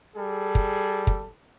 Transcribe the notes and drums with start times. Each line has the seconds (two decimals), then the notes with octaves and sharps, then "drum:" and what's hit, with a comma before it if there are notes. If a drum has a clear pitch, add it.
0.16 G3 G#4 A4
0.55 drum: kick
1.07 drum: kick